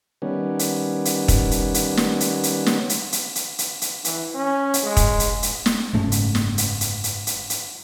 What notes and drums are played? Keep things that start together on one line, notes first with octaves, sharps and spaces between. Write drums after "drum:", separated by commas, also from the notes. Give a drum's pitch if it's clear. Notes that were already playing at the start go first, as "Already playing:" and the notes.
D#3 G3 B3 C#4
drum: hi-hat
drum: hi-hat
drum: kick, hi-hat
drum: hi-hat
drum: hi-hat
drum: snare
drum: hi-hat
drum: hi-hat
drum: snare
drum: hi-hat
drum: hi-hat
drum: hi-hat
drum: hi-hat
drum: hi-hat
E3, drum: hi-hat
C#4
drum: hi-hat
G#3
drum: kick, hi-hat
drum: hi-hat
drum: hi-hat
drum: snare
F#1 G#2 A3 C#4
drum: hi-hat
drum: snare
drum: hi-hat
drum: hi-hat
drum: hi-hat
drum: hi-hat
drum: hi-hat